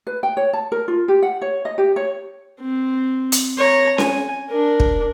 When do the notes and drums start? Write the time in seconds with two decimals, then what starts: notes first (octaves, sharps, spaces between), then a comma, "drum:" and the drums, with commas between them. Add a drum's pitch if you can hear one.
0.07 B4
0.23 G5
0.37 C#5
0.53 A5
0.72 A#4
0.88 F4
1.08 G4
1.22 F#5
1.42 C#5
1.65 D#5
1.78 G4
1.96 C#5
2.61 C4
3.32 drum: hi-hat
3.58 C#5 A#5
3.98 G#5, drum: snare C#4
4.49 D4 A#4
4.80 drum: kick